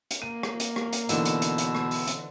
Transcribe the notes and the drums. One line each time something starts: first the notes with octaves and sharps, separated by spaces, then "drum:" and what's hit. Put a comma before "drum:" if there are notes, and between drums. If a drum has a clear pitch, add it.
drum: hi-hat
A#3 D#7
drum: rim click
drum: hi-hat
drum: rim click
drum: hi-hat
B2 D3 E3 D#4 E6, drum: hi-hat
drum: hi-hat
drum: hi-hat
drum: hi-hat
drum: rim click
drum: open hi-hat
drum: hi-hat